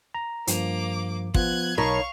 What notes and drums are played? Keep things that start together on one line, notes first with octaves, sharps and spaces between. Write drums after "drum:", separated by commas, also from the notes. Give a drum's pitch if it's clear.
A#5
G2 F3 A#3 D6, drum: hi-hat
F3 B3 F4 F#6 G#6, drum: kick
B1 D#4 A#4 C#5 F5 A5 B5 C#6